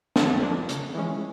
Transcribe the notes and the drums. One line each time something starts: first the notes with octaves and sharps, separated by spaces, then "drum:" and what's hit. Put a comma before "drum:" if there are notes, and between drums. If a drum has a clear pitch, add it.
D3, drum: snare
F3 A#3 D4
C#3, drum: hi-hat
E3 G#3 C#4